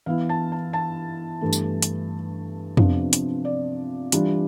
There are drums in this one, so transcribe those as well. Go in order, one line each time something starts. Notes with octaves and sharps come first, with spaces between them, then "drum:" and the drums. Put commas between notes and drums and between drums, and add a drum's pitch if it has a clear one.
E3 B3 E4 F5
A5
A5
A5
G2 E3 A3
drum: tambourine
drum: hi-hat
C3 F3 B3 D4 F4, drum: tom
drum: hi-hat
D5
E3 G3 D4 F4, drum: hi-hat